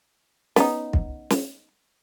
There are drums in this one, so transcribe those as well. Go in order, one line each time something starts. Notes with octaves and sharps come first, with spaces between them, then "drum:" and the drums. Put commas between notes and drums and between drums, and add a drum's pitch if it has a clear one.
B3 C#4 D#4, drum: snare
drum: kick
drum: snare